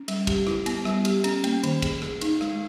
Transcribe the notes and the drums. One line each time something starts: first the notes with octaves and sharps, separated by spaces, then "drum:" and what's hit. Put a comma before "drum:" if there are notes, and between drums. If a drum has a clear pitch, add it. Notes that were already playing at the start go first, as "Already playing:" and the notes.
Already playing: C#4
G3, drum: cymbal
G4, drum: kick, cymbal
E4, drum: rim click
B3, drum: cymbal
G3, drum: rim click
G4, drum: cymbal
C#4, drum: cymbal
A#3, drum: cymbal
D#3, drum: cymbal
G#4, drum: kick, cymbal
G#4, drum: rim click
D#4, drum: cymbal
G#3, drum: rim click